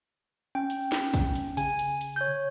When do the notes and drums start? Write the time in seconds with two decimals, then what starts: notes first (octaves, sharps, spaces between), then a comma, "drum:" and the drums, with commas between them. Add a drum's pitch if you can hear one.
0.55 C#4 G5
0.70 drum: hi-hat
0.92 drum: snare
1.14 drum: kick, hi-hat
1.35 drum: hi-hat
1.57 C#3 G#5, drum: hi-hat
1.79 drum: hi-hat
2.01 drum: hi-hat
2.16 C#5 G6